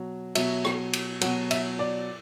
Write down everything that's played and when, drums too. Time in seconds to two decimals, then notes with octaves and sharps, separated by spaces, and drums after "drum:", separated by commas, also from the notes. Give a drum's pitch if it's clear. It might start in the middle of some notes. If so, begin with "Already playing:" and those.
Already playing: B2 F#3
0.35 B2 F#3 E5, drum: cymbal
0.65 drum: rim click
0.93 drum: cymbal
1.21 B2 F#3 F#5, drum: cymbal
1.51 E5, drum: cymbal
1.79 D5